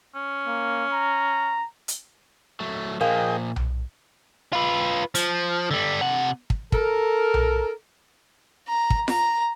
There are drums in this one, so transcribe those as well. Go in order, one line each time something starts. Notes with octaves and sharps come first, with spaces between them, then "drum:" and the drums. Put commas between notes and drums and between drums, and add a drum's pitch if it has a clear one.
C#4
A#3
A#5
drum: hi-hat
F#3 A3
A#2 F3 A#3 G#4 D#5 G5
drum: tom B1
F4 B4
F3, drum: hi-hat
D3 G3
C3 F#5
drum: kick
A4 A#4, drum: kick
drum: tom B1
A#5
drum: kick
A#5, drum: snare F4